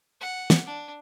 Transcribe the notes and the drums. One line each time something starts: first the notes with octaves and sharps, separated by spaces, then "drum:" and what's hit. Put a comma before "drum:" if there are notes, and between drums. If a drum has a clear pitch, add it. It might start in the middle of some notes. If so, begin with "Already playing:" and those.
F#5
drum: snare
D4